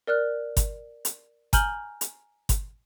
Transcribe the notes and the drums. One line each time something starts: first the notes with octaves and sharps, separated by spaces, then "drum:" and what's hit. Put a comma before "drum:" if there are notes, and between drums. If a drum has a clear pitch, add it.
A#4 D5 F6 F#6
drum: kick G1, hi-hat
drum: hi-hat
G#5 A#5 F6 G6 F#7 G7, drum: kick G1, hi-hat
drum: hi-hat
drum: kick G1, hi-hat